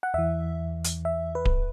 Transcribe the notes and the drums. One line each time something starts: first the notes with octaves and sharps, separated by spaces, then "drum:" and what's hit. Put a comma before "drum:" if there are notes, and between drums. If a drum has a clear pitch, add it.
F#5
E2 E3 E5
drum: hi-hat
E5
B4
drum: kick D1